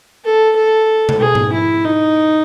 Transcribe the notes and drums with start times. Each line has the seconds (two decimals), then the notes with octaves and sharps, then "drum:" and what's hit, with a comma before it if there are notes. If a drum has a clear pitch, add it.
0.25 A4
0.56 A4
1.09 drum: tom B2
1.20 G#4
1.35 drum: tom G#2
1.53 E4
1.84 D#4